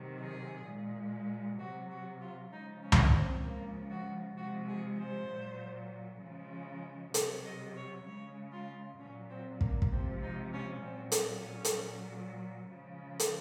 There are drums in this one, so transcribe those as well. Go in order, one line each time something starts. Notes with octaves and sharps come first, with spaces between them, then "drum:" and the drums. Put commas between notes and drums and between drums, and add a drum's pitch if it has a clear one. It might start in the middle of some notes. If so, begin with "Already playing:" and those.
Already playing: C3 D#3 F#3
G#4
A#2 G#3
C3 F#3 F#4
F#4
F4
C#3 F3 G#3 D#4
C#4
drum: tom C#2
C4
C#3 F3 G#3 A#3
F#4
C3 F3 G#3 F#4
G#4
C5
A#2 F#3
C#3 F3 G#3
C3 F#3 C#5, drum: hi-hat
D#5
C#5
C#3 G#3 C#5
F4
A#2 F#3 C#4
C4
A#3, drum: kick
drum: kick
C3 F3 G#3 C4
D#4
C#4
A#2 F#3 C4
drum: hi-hat
C#4
drum: hi-hat
A#2 F#3
C#3 F3 G#3
drum: hi-hat